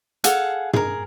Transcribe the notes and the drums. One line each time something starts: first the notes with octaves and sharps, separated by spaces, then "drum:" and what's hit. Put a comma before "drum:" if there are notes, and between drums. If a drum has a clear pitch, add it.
G#4 A4 F5 F#5, drum: hi-hat
G#4 A#4, drum: tom